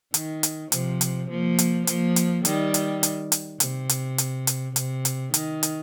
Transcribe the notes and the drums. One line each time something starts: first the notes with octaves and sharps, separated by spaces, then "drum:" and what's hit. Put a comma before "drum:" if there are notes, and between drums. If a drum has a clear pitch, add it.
D#3, drum: hi-hat
drum: hi-hat
C3 F3, drum: hi-hat
drum: hi-hat
F3 A#3
drum: hi-hat
F3 A#3, drum: hi-hat
drum: hi-hat
D#3 G3, drum: hi-hat
drum: hi-hat
drum: hi-hat
drum: hi-hat
C3, drum: hi-hat
drum: hi-hat
drum: hi-hat
drum: hi-hat
C3, drum: hi-hat
drum: hi-hat
D#3, drum: hi-hat
drum: hi-hat